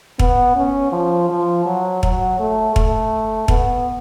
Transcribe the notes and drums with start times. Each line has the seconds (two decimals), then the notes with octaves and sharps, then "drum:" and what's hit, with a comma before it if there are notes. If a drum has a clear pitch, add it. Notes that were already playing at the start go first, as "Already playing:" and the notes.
0.19 B3, drum: kick
0.56 C#4
0.92 F3
1.30 F3
1.66 F#3
2.03 F#3, drum: kick
2.40 A3
2.76 A3, drum: kick
3.48 B3, drum: kick